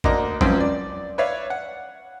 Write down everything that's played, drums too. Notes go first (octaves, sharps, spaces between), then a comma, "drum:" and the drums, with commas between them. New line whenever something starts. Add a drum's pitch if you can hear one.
D2 A#3 D4 D#5 A#5 D6, drum: kick G#1
C#2 F3 F#3 C4 C#4, drum: kick G#1
D5
B4 C#5 D5 E5 F5
F#5